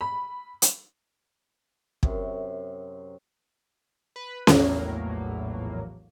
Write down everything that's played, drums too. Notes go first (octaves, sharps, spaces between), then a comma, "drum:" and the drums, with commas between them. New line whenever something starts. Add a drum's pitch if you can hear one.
B5
drum: hi-hat
F#2 C3, drum: kick
B4
A#1 E2 A2 F#3 A#3, drum: snare C#4